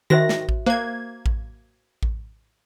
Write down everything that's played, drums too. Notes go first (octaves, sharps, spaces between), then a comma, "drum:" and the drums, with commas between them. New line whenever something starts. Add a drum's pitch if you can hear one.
D#3 F#4 C5 E5 A#6
drum: snare
drum: kick A1
A#3 C5 G#6
drum: kick A1
drum: kick A1